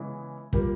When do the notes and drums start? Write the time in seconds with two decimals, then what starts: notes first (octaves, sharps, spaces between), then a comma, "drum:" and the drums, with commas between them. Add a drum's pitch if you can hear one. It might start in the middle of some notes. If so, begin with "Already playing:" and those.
Already playing: C#3 E3 G#3 B3
0.53 A#2 G3 A#3, drum: kick